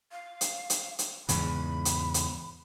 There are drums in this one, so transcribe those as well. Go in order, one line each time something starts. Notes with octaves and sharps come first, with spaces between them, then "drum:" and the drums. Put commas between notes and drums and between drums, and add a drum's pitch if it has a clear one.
F5
drum: hi-hat
drum: hi-hat
drum: hi-hat
E2 G#2 C#3 B5, drum: hi-hat
drum: hi-hat
drum: hi-hat